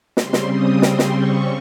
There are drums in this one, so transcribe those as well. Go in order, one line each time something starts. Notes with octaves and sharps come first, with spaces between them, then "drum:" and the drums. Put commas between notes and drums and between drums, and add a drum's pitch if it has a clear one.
C#3 G3 C4 C6, drum: snare
drum: snare
D#6
C6, drum: snare
drum: snare
C#6